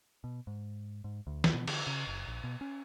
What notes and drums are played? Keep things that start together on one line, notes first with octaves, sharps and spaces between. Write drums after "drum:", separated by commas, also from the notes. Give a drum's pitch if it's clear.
B2
G#2
G#2
D2
drum: snare
B2
D3, drum: cymbal
C#3
F#1
A#1
B2
C#4